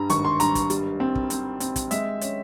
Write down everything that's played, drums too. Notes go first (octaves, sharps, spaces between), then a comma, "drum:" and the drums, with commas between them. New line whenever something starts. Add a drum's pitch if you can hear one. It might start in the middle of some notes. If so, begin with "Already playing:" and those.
Already playing: G2 G3 A#5
G#1 C#6, drum: hi-hat
C6
G2 A#5, drum: hi-hat
drum: kick, hi-hat
G3, drum: hi-hat
C4
drum: kick
C4, drum: hi-hat
C4, drum: hi-hat
drum: kick, hi-hat
G#3 E5, drum: hi-hat
C#4, drum: hi-hat